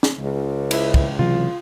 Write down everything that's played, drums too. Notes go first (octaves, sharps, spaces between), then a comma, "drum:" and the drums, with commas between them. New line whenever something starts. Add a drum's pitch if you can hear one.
drum: snare
C#2
E4 C5 E5, drum: cymbal
drum: kick
C3 E3 F#3 F4